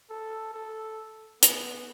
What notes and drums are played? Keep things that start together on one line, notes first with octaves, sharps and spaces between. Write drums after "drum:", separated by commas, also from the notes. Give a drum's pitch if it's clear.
A4
A4
B3, drum: hi-hat